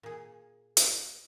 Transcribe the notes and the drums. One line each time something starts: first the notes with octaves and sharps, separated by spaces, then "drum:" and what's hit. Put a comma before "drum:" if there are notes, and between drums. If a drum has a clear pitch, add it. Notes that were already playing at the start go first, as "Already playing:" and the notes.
A#2 G#4
drum: hi-hat